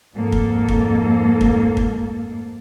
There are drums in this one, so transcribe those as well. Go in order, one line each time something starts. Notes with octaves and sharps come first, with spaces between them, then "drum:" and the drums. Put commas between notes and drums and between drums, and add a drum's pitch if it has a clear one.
F2 G#2 A#3 A4
drum: kick
drum: kick
drum: kick
drum: kick